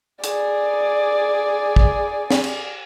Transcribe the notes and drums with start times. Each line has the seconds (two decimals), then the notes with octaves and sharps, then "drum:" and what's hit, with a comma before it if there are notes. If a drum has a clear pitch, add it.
0.24 G#4 D5, drum: hi-hat
1.76 drum: kick
2.30 drum: snare
2.44 drum: cymbal